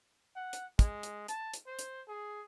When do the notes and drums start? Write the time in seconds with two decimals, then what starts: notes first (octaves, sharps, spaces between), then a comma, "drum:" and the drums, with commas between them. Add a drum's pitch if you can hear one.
0.36 F#5
0.53 drum: hi-hat
0.79 G#3, drum: kick, hi-hat
1.03 drum: hi-hat
1.28 A5, drum: hi-hat
1.54 drum: hi-hat
1.67 C5
1.79 drum: hi-hat
2.08 G#4